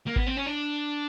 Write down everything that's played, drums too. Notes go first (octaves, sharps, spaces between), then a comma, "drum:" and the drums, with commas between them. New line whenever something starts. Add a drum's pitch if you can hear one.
A#3
B3, drum: kick G#1
C4
C#4
D4